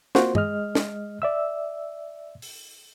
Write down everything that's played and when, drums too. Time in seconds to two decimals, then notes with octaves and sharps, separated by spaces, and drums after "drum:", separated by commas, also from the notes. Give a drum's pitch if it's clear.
0.15 A#3 C4 F4 F#4 C5, drum: snare
0.35 G#3 D#5 F6, drum: tom
0.75 drum: snare
1.22 D5 E5 E6
2.42 drum: open hi-hat